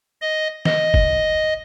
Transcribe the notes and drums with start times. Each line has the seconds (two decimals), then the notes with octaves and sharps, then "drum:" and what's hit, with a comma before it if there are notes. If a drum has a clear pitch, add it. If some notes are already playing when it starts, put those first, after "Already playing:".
0.21 D#5
0.65 D#5, drum: snare
0.94 drum: kick F#1